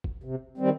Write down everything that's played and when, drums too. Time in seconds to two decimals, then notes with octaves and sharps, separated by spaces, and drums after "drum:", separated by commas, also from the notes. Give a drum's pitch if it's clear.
0.04 drum: kick
0.24 C3
0.58 D#3 G3 C4